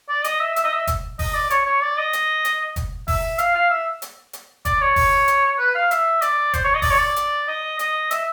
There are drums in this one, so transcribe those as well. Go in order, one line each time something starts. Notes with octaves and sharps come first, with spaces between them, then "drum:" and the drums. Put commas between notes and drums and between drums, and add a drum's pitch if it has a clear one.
D5
D#5, drum: hi-hat
E5
E5, drum: hi-hat
D#5
E5
drum: kick, hi-hat
D#5, drum: kick, open hi-hat
D5
C#5, drum: hi-hat
C#5
D5
D#5
drum: hi-hat
drum: hi-hat
drum: kick, hi-hat
E5, drum: kick, open hi-hat
F5, drum: hi-hat
F5
E5
drum: hi-hat
drum: hi-hat
D5, drum: kick, hi-hat
C#5
drum: kick, open hi-hat
drum: hi-hat
B4
F5
E5, drum: hi-hat
D5, drum: hi-hat
C5, drum: kick, hi-hat
C#5
D#5
D5, drum: kick, open hi-hat
C#5
D5
drum: hi-hat
D#5
D#5, drum: hi-hat
E5, drum: hi-hat